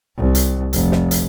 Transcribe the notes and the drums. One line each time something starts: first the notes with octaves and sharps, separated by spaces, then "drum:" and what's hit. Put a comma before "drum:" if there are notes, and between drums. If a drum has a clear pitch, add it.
C2
drum: hi-hat
F1, drum: hi-hat
drum: snare
drum: hi-hat